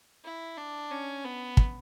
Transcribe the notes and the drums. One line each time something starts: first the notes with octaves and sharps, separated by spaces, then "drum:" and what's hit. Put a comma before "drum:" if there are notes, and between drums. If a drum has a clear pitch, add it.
E4
D4
C#4
B3
drum: kick